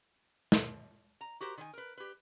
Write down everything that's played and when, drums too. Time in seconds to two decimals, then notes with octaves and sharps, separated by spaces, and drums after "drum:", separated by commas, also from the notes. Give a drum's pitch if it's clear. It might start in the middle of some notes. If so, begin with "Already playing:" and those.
0.52 drum: snare
1.21 A#5
1.41 F#4 G4 A#4 C5
1.57 D#3 C5 G#5
1.73 A#4 B4
1.98 G4 B4